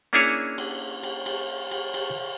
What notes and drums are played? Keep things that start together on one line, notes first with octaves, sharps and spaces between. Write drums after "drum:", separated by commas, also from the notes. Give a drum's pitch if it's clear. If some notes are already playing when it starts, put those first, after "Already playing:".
A#3 C#4 D4 E4 G#4 C#5
drum: cymbal
drum: cymbal
drum: cymbal
drum: cymbal
drum: cymbal